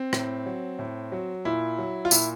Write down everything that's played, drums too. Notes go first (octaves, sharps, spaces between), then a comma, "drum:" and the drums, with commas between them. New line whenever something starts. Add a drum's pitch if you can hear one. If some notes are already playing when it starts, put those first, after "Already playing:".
Already playing: C4
A2, drum: rim click
F#3
A2
F#3
A#2 E4
F#3
F4
A#2 E4, drum: tambourine